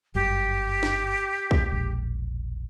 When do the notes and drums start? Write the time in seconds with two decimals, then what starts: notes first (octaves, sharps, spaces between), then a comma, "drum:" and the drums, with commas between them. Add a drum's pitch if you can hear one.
0.15 G1 F#2 G4
0.83 drum: snare
1.51 drum: kick B1
1.72 E1 A#1